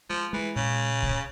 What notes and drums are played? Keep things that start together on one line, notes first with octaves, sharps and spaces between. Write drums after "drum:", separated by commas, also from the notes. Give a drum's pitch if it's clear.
F3 G#3
E3 G#3
A#2 C#3
drum: kick C2